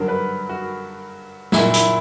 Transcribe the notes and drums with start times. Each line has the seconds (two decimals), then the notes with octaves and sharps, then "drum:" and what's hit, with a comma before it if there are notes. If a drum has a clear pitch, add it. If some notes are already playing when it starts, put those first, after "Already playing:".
Already playing: G2 D3 F#3 A#4
0.08 B4
0.49 F#4
1.52 A#2 F#3 E4, drum: snare
1.74 E4, drum: hi-hat